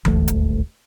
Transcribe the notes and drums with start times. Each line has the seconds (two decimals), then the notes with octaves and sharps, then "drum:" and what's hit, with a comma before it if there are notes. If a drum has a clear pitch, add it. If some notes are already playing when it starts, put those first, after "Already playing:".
0.05 D#1 G#1 D2 A3, drum: tom E3
0.28 drum: hi-hat